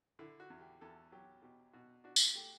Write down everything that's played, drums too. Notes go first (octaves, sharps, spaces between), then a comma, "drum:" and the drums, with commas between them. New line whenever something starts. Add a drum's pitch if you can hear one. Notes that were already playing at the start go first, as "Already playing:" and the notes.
D3 E4
F#4
E2
G4
E2 A4
F#3 G4
B2 G4
B2 F#4
D4 F#4
drum: tambourine
A3 G4